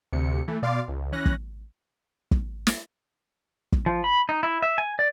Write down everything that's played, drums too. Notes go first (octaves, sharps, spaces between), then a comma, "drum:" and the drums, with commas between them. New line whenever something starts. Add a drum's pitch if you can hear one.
D2 C3 C#7
E3 A3
B2 D5 F5 C6 D6
C#2
E3 C#4 F#6 A#6
drum: kick
drum: kick
drum: snare
drum: kick
F3
B5
D#4
E4
E5
G#5
D5